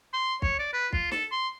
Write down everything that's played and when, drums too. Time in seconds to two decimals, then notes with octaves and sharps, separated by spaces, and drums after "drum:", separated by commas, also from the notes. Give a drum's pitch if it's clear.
0.13 C6
0.42 C#5, drum: kick
0.59 D5
0.73 B4
0.93 F4, drum: kick
1.11 A4, drum: snare
1.31 C6